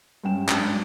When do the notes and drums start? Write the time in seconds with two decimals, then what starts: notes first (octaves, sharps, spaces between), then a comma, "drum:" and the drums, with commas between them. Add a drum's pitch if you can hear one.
0.24 G2 C#4 G5 E7
0.49 G#2 F#3 D4, drum: clap